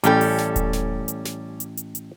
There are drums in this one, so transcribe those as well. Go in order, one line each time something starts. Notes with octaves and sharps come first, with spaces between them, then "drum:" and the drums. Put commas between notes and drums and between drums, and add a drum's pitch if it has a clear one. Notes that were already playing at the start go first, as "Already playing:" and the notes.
A1 G3 C#4 A4 G5, drum: hi-hat
drum: open hi-hat
drum: snare
drum: kick D#1, hi-hat
drum: snare
drum: hi-hat
drum: snare
drum: hi-hat
drum: hi-hat
drum: hi-hat